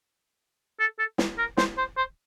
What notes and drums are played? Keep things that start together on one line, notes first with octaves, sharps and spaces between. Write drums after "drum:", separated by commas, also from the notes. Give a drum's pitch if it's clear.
A4
A4
drum: snare
A#4
C5, drum: snare
C5
C5